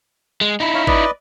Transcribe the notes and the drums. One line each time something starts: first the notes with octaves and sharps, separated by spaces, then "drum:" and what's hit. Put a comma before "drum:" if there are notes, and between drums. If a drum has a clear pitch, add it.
G#3
D#4 E4
C#5 F5
B4 D5 D#5, drum: kick G#1